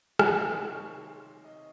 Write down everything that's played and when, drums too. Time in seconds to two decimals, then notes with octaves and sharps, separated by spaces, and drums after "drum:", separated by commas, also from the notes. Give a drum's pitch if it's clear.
0.19 F5, drum: rim click
0.29 C3 D#3 A#3 D#5
0.49 C5
0.67 C#5
1.44 D#5